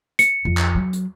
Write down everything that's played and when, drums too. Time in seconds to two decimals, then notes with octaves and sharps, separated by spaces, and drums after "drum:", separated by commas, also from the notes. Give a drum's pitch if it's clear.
0.19 C#7, drum: hi-hat
0.45 F2
0.57 drum: clap
0.75 F#3
0.93 drum: hi-hat